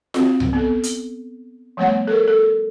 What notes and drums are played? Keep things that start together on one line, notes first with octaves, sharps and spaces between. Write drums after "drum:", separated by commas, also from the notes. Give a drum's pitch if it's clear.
C4 F#4, drum: snare F4
drum: tom C2
B3 A4
drum: hi-hat
F3 G3 A3 B3 C#5 F#5
A4 A#4
A4